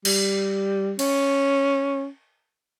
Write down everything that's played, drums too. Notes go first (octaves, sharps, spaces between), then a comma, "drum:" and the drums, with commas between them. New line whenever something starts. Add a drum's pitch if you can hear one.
G3, drum: cymbal
C#4, drum: cymbal